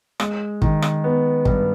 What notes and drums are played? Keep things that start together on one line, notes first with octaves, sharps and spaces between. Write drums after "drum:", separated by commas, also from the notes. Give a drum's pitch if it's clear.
G#3, drum: rim click
D#3, drum: kick
drum: rim click
B3
G2, drum: kick